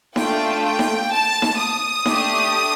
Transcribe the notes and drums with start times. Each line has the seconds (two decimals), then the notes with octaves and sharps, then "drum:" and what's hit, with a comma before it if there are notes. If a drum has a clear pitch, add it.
0.16 A3 D4 F4 A4 G5, drum: snare D#4
0.64 G5
0.79 drum: snare D#4
1.11 A5
1.42 drum: snare D#4
1.58 D#6
2.06 A3 D4 G4, drum: snare D#4